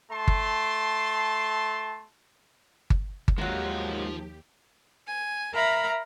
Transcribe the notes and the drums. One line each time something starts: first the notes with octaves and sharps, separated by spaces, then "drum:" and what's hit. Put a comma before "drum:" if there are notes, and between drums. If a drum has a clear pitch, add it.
A3 A5 C6
drum: kick G1
drum: kick G1
drum: kick G1
D#2 D#3 F3 F#3 G#3 D#4 F4 G4
G#5
A#4 E5 F5 A#5 B5